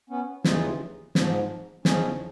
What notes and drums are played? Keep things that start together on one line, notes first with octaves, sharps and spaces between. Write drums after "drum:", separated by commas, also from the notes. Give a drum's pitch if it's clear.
B3 C#4
D#2 C#3 E3 D#4 F4, drum: snare
G#2 F3, drum: snare
E2 C#3 F3 C#4 D#4, drum: snare